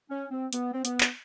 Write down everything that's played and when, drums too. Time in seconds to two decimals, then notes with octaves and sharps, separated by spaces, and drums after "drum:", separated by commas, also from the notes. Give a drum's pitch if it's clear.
0.10 C#4
0.31 C4
0.53 B3, drum: hi-hat
0.73 C4
0.85 B3, drum: hi-hat
1.01 drum: clap